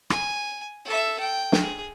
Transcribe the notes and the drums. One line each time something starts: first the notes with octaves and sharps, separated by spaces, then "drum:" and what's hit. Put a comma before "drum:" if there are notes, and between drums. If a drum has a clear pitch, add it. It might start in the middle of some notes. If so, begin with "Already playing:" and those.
G#5, drum: rim click
A4 E5
G5
drum: snare
G#4